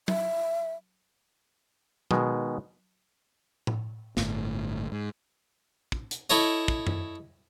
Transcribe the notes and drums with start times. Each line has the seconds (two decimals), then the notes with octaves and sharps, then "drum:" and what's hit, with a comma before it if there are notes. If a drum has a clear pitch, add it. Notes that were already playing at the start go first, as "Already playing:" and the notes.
0.08 E5, drum: tom
2.11 B2 D#3 G#3, drum: tom
3.67 drum: tom A2
4.17 G1 A2, drum: snare
4.92 G#2
5.92 drum: kick
6.11 drum: hi-hat
6.30 E4 A4 C#5 D#5
6.68 drum: kick
6.87 drum: tom F#2